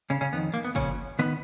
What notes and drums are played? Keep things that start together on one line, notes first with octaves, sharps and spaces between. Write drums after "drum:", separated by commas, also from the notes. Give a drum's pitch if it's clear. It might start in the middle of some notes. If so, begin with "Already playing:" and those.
C#3 C#4
C#3 C#4
F2 D#3 B3
A#3
B3
A#2 C#3 F3 C#4, drum: kick
D#3 B3 B4